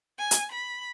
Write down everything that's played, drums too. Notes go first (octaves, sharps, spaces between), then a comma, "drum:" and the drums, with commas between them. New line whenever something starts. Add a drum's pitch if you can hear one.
G#5
drum: hi-hat
B5